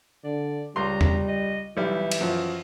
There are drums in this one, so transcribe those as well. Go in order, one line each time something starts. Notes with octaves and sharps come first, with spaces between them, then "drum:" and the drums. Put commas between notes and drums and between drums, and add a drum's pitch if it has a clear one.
D3 D5
C#2 G3 A#5 C6
drum: tom E2
D#5
B1 E3 G3 E5
drum: cymbal
F#2 F3